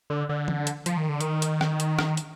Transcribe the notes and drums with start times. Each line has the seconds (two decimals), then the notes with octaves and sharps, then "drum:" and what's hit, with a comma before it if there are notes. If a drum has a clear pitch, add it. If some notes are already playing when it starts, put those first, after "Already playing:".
0.10 D3
0.29 D3
0.48 drum: tom E3
0.67 drum: hi-hat
0.86 F3, drum: hi-hat
0.97 D#3
1.09 D3
1.21 D#3, drum: hi-hat
1.42 drum: hi-hat
1.61 drum: rim click
1.80 drum: hi-hat
1.99 drum: rim click
2.17 drum: hi-hat